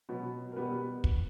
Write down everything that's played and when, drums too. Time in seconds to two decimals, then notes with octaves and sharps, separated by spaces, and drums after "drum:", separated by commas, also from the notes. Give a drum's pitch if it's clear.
0.09 B2 F#3 B3
0.52 A#4
0.56 B2 G3 B3 B4
1.04 drum: kick